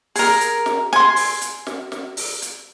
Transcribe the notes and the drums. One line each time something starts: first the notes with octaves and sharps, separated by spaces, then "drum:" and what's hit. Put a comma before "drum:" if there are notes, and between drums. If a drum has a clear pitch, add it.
G#4 A#4, drum: open hi-hat
drum: hi-hat
drum: snare
G#5 C6, drum: snare
drum: open hi-hat
drum: hi-hat
drum: snare
drum: snare
drum: open hi-hat
drum: hi-hat